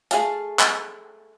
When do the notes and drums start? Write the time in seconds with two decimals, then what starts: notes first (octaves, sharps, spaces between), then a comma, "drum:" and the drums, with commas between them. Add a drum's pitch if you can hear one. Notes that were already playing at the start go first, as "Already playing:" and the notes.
0.11 A3 G#4 F5 A5, drum: hi-hat
0.59 drum: clap